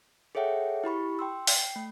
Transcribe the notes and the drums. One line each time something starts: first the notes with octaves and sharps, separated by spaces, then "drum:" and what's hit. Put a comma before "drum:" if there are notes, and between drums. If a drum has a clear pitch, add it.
G#4 A4 C#5 E5 F#5 G5
E4 G4 B5 C#6
G5 C6 E6
G5 C7, drum: open hi-hat
A3